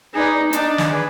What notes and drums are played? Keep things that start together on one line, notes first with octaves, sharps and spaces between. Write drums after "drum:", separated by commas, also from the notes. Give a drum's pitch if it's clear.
D#4 G#4 B4 D5
D4 D#4, drum: hi-hat
drum: snare
G#4 B4 D5